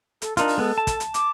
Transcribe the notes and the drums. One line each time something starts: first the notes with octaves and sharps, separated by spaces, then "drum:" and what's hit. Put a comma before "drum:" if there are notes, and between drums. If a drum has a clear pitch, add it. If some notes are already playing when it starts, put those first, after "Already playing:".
A4, drum: hi-hat
D4 D#4 F4 A#4, drum: hi-hat
drum: open hi-hat
G#3 B3 A4
A5
drum: kick, hi-hat
drum: hi-hat
D6, drum: hi-hat